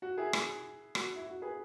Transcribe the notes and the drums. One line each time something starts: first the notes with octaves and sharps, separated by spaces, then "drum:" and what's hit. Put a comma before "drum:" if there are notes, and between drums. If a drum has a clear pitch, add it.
F#4
E4 G#4
drum: rim click
F#4, drum: rim click
E4
F#4
G#4 B4